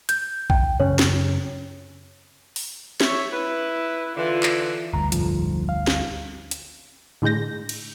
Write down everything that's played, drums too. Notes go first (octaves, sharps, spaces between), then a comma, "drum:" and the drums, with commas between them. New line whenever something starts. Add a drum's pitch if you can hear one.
G6, drum: hi-hat
G5, drum: kick A#1
F#2 C#3 C#4 C#5
drum: snare
drum: open hi-hat
C#5 E5, drum: snare
E4 B4
D3 E3 F4
drum: clap
G1 D2 G2 A#5
F2 G#2 F3, drum: hi-hat
F5
drum: snare
drum: hi-hat
A2 D3 G#3 G6 A#6
drum: cymbal